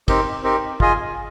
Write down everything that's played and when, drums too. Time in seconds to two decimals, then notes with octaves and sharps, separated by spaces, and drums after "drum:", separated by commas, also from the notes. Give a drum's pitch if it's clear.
0.08 C4 D#4 G4 A#4, drum: kick, cymbal
0.43 C4 D#4 G4 A#4
0.80 F4 G#4 D#5 G#5, drum: kick